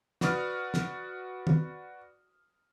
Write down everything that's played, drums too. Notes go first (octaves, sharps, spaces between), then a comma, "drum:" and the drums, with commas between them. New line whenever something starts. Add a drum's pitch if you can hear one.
F#4 B4 D5 D#6 F6, drum: snare
drum: snare
drum: tom